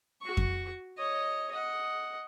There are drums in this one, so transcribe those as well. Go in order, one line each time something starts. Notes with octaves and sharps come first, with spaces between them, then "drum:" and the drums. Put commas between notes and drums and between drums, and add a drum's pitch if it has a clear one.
F#4 C#6
drum: kick F2
C#5 D#5
D#5 F#5